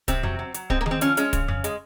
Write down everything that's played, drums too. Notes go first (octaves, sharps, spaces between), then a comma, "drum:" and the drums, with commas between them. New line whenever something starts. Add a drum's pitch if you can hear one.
C3 C4, drum: kick, hi-hat
F#3, drum: tom F2
F#3
F#3, drum: hi-hat
G#3 C4, drum: kick
A#3
G#3, drum: tom D#3
C4
F3 C#4, drum: hi-hat
G#3 C#4, drum: hi-hat
C#3, drum: kick, hi-hat
C#3, drum: tom F2
G#3, drum: hi-hat